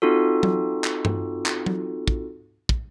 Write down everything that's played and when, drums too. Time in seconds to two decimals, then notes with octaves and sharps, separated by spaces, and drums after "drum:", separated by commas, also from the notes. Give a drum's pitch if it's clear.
0.02 C4 D#4 F4 F#4 A4
0.43 drum: tom F#3
0.84 drum: clap
1.05 drum: tom G2
1.46 drum: clap
1.66 drum: tom F#3
2.08 drum: kick
2.69 drum: kick